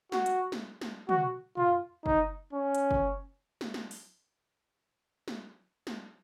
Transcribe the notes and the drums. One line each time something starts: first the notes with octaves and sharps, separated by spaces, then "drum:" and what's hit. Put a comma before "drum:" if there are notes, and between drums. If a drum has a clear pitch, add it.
F#4, drum: snare
drum: hi-hat
drum: snare
drum: snare
F#4, drum: tom
F4, drum: tom
D#4, drum: kick F#1
C#4
drum: hi-hat
drum: kick F#1
drum: snare
drum: snare
drum: open hi-hat
drum: snare
drum: snare